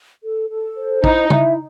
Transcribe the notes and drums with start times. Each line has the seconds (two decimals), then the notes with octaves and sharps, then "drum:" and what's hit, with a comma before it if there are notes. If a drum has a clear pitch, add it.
0.23 A4
0.50 A4
0.77 C5
1.04 D#4 E4, drum: kick
1.30 E5, drum: tom